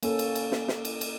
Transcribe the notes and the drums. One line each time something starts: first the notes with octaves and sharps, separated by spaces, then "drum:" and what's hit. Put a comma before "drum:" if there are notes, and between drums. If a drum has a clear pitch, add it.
A#3 C#4 A4, drum: cymbal
drum: cymbal
drum: cymbal
drum: snare
drum: snare
drum: cymbal
drum: cymbal